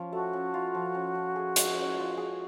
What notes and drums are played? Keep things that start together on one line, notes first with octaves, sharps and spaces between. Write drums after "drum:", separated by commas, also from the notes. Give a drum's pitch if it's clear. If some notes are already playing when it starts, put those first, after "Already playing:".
Already playing: F3 C#4 F4
A3 F#4
C#4
F4
F3
C#4
F4
G#4
G#3, drum: hi-hat
C#4
F4
G#4